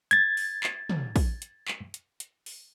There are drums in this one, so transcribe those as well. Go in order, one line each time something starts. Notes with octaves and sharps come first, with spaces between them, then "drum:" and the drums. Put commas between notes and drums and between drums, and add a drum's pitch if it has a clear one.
G#6 A6, drum: hi-hat
drum: open hi-hat
drum: clap
drum: tom
drum: kick, open hi-hat
drum: hi-hat
drum: clap
drum: hi-hat
drum: hi-hat
drum: open hi-hat